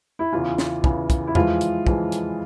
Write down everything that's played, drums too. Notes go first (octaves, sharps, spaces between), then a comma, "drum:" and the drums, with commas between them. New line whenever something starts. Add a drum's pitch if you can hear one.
E4
E2 C#3 E3 F4
drum: snare
E2 C#3 E3, drum: kick
drum: kick, hi-hat
E4
F2 E3 G#3 F4, drum: tom E2
drum: hi-hat
F2 E3 G#3, drum: kick
drum: hi-hat